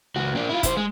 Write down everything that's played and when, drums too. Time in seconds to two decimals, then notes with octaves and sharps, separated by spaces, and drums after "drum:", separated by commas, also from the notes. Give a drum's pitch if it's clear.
0.16 C#2 F#4
0.35 A#3 D4
0.49 E4 F4
0.63 E4 C5, drum: kick, hi-hat
0.77 G#3